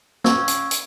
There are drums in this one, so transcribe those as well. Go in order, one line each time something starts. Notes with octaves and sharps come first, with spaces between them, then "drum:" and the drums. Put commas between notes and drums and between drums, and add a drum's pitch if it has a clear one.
C#4 F5 C#6 E6 G#6, drum: snare
drum: hi-hat
drum: hi-hat